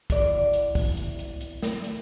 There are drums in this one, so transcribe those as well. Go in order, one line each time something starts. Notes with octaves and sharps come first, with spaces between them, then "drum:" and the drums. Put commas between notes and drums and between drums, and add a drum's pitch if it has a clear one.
E2 D5, drum: kick, hi-hat
drum: hi-hat
drum: kick, open hi-hat
drum: hi-hat
drum: hi-hat
drum: hi-hat
drum: snare
drum: hi-hat